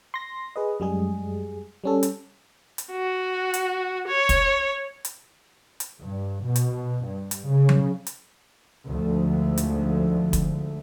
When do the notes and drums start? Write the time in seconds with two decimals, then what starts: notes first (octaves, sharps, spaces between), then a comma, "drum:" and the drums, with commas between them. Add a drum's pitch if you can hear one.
0.14 C6 A#6
0.56 G#4 B4 D#5
0.80 F#2 G3 G#3 G#4
1.84 G3 C#4 A4
2.03 drum: hi-hat
2.78 drum: hi-hat
2.92 F#4
3.54 drum: hi-hat
4.08 C#5
4.29 drum: kick, hi-hat
5.05 drum: hi-hat
5.80 drum: hi-hat
6.01 G2
6.44 B2
6.56 drum: hi-hat
7.06 G2
7.31 drum: hi-hat
7.48 C#3
7.69 drum: tom F#3
8.07 drum: hi-hat
8.87 D2 G#2 D3 F3 A3
9.57 drum: hi-hat
10.33 drum: kick, hi-hat